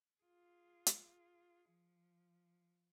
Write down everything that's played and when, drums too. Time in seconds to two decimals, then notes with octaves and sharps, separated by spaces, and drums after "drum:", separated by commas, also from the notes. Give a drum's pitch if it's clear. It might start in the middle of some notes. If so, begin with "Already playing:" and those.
0.21 F4 G#4
0.87 drum: hi-hat
1.71 F3